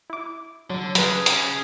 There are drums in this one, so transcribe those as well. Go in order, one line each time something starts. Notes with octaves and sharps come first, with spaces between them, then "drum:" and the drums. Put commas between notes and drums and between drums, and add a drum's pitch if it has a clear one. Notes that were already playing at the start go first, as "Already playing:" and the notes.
E4 D6
D3 F#3
F#3 C#4 G#4 B4, drum: hi-hat
drum: hi-hat